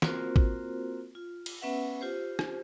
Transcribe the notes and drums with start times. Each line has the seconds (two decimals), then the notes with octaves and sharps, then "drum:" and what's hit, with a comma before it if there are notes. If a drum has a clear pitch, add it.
0.02 A#3 C4 F4 F#4 A#4 C5, drum: snare
0.36 drum: kick
1.15 F4
1.46 drum: cymbal
1.62 B3 C#4 B4 E5 F#5
2.01 F4 G4 C5
2.39 drum: rim click